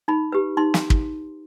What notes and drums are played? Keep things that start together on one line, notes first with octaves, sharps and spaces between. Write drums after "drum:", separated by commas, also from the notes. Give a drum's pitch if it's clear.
D#4 B5
G4 B4
D#4 C6
drum: snare
drum: kick